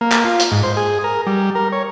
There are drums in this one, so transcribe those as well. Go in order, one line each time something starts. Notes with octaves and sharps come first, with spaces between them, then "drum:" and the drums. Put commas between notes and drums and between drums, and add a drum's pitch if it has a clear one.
A#3
drum: clap
F4
drum: hi-hat
G#2
C5
G#4
A#4
G3
A#4
C#5